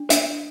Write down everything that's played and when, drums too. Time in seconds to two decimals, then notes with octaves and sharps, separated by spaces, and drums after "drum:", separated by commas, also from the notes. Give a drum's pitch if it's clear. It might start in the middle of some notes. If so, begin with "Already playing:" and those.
Already playing: D4
0.10 D4 E5, drum: hi-hat